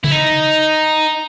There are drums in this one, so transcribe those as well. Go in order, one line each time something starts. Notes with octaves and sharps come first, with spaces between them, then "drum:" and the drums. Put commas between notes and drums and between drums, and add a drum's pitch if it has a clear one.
E4, drum: tom C3
D#4